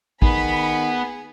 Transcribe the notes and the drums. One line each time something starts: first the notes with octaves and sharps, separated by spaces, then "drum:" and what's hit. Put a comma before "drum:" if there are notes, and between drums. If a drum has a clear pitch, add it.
D#3 B3 G#4 B5, drum: kick